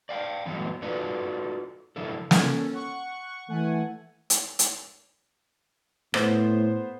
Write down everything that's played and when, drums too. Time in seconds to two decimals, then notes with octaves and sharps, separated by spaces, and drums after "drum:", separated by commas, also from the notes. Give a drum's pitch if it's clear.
0.09 D5 F5 G5
0.46 D3 E3 F#3 G3 A3 B3
0.82 D#4 F4 F#4 A4 B4 D5
1.96 C#3 F3 D4 E4 A4
2.31 C#4 A4, drum: snare
2.73 F#5 C#6
3.48 E3 A3 F#5 G#5
4.30 drum: hi-hat
4.59 drum: hi-hat
6.14 A2 B3 C5, drum: rim click